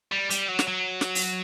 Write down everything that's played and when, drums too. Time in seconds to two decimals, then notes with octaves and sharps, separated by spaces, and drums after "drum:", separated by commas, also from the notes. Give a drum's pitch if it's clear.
0.12 G3
0.30 G3, drum: hi-hat
0.49 F#3
0.59 drum: snare
0.68 F#3
1.01 drum: snare
1.15 drum: open hi-hat